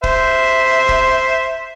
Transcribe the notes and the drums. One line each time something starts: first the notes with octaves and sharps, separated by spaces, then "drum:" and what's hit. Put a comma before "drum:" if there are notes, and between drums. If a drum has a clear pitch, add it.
C5 E5, drum: kick
drum: kick